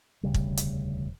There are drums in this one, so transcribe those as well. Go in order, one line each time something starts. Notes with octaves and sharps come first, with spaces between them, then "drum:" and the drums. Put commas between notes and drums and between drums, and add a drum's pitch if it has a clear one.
E1 D2 C#3 G3
drum: kick
drum: hi-hat